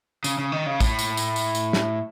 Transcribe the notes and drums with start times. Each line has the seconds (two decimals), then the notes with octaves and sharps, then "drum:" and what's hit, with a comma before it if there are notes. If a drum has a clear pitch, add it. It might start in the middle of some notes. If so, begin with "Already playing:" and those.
0.24 C#3, drum: tambourine
0.38 C#3
0.52 D#3
0.66 C#3
0.80 A2, drum: kick, tambourine
0.99 drum: tambourine
1.17 drum: tambourine
1.36 drum: tambourine
1.55 drum: tambourine
1.73 drum: snare